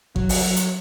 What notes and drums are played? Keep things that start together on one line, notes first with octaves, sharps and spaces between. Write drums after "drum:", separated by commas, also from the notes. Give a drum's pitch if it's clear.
F#3, drum: kick G#1
drum: open hi-hat
F#3
drum: hi-hat